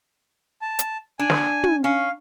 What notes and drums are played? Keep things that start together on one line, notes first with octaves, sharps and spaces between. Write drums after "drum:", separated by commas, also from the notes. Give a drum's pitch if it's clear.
A5
drum: hi-hat
D4 G#5
drum: snare
drum: tom
C#4 F5